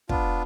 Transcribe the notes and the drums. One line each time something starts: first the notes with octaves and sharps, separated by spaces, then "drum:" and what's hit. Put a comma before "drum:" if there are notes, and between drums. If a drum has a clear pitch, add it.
B3 D4 F4, drum: kick